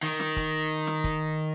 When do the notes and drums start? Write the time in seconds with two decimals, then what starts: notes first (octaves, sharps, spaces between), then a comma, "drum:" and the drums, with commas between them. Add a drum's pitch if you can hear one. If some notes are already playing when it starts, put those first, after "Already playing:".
0.03 D#3
0.20 drum: snare
0.36 drum: kick, hi-hat
0.87 drum: snare
1.04 drum: kick, hi-hat